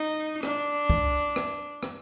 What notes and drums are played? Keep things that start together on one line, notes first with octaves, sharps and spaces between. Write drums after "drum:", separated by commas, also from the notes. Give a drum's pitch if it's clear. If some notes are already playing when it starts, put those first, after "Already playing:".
Already playing: D#4
D4, drum: rim click
drum: kick
drum: rim click
drum: rim click